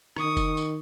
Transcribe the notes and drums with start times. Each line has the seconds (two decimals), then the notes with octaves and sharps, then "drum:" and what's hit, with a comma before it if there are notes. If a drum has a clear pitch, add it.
0.17 D#3 C#6 D#6, drum: rim click
0.37 drum: kick F1, tambourine
0.57 drum: tambourine